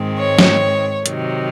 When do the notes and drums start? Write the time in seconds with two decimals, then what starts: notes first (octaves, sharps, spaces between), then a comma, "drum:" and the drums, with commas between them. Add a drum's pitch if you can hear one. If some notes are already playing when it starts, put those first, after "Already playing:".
Already playing: G#2 D#3 G#3 C4
0.18 C#5
0.39 drum: snare
1.06 C3 D#3 F#3, drum: hi-hat